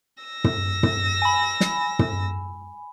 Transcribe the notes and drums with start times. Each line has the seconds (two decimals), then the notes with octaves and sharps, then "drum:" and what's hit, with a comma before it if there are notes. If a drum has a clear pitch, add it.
0.23 E6 A#6
0.44 drum: tom
0.83 drum: tom
1.22 G#5 B5
1.60 drum: snare
1.99 drum: tom